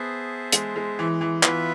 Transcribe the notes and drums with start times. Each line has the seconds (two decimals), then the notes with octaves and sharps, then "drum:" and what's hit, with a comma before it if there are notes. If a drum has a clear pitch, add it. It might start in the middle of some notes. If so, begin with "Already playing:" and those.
Already playing: B3 G#4 C5 E5 A5
0.52 G#3, drum: hi-hat
0.76 G#3
0.99 E3
1.21 E3
1.43 E3 B3 F4 B4 E5, drum: clap